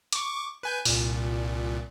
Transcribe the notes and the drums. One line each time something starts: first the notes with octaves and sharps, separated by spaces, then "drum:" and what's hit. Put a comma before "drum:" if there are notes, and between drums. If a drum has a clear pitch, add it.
C#6 D6, drum: hi-hat
B4 G#5 G6
C2 A#2, drum: open hi-hat